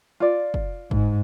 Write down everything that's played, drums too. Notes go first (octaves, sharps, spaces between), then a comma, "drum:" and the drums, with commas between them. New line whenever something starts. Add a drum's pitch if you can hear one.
F4 D5
drum: kick
G#2, drum: kick